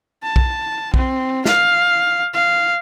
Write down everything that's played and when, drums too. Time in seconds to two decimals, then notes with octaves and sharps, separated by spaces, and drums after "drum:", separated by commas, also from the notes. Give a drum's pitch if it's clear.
0.23 A5
0.36 drum: kick B1
0.94 C4, drum: kick B1
1.45 F5, drum: snare
2.34 F5